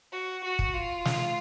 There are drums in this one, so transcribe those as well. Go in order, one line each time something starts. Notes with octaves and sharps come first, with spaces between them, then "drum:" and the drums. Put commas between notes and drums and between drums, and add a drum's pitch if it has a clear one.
F#4
F#4
drum: kick
F4
drum: snare